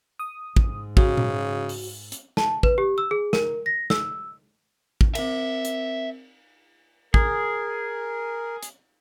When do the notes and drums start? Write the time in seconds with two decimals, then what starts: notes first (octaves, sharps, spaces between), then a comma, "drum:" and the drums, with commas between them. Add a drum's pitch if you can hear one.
0.19 D#6
0.56 G#2, drum: kick
0.97 C#3 F#4, drum: kick
1.18 drum: tom A#2
1.69 drum: open hi-hat
2.12 drum: hi-hat
2.37 A5, drum: snare
2.63 B4, drum: kick
2.78 G4
2.98 E6
3.11 G#4
3.33 A#4, drum: snare
3.66 A#6
3.90 E6, drum: snare
5.01 drum: kick
5.15 C4 A#4 E5, drum: cymbal
5.65 drum: hi-hat
7.14 G#4 A#4, drum: kick
8.63 drum: hi-hat